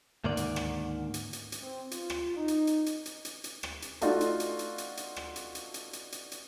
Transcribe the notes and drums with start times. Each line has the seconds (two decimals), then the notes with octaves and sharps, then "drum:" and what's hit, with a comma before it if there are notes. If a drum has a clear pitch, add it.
0.24 D2 G#2 D#3 A#3 D5
0.37 drum: hi-hat
0.56 drum: rim click
1.14 drum: hi-hat
1.33 drum: hi-hat
1.52 drum: hi-hat
1.62 C4
1.91 F4, drum: hi-hat
2.10 drum: rim click
2.37 D#4
2.48 drum: hi-hat
2.67 drum: hi-hat
2.86 drum: hi-hat
3.06 drum: hi-hat
3.25 drum: hi-hat
3.44 drum: hi-hat
3.63 drum: rim click
3.82 drum: hi-hat
4.01 A3 D4 D#4 F4 F#4, drum: hi-hat
4.21 drum: hi-hat
4.40 drum: hi-hat
4.59 drum: hi-hat
4.78 drum: hi-hat
4.97 drum: hi-hat
5.16 drum: rim click
5.36 drum: hi-hat
5.55 drum: hi-hat
5.74 drum: hi-hat
5.93 drum: hi-hat
6.12 drum: hi-hat
6.32 drum: hi-hat